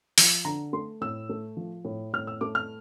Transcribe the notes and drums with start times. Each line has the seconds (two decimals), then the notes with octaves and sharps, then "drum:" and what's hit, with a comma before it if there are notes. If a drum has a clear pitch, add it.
0.18 F3, drum: open hi-hat
0.45 D3 A#5
0.73 A3 C6
1.01 A2 E6
1.29 A3
1.57 F3
1.85 A2
2.13 A2 F6
2.27 E6
2.41 A3 D6
2.55 F6